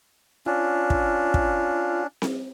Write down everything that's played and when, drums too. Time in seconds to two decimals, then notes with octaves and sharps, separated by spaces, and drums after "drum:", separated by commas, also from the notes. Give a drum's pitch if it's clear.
0.46 C#4 D4 F4
0.90 drum: kick
1.34 drum: kick
2.22 drum: snare C4